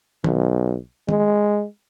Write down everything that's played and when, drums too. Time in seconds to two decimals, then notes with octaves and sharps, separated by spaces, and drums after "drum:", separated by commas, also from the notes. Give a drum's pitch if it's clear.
0.24 B1, drum: tom D#3
1.09 G#3, drum: tom D#3